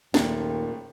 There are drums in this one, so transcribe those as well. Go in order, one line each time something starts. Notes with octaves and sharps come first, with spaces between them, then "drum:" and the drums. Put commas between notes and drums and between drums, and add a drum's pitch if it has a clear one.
F#1 D#2 A#2 A3 G5, drum: snare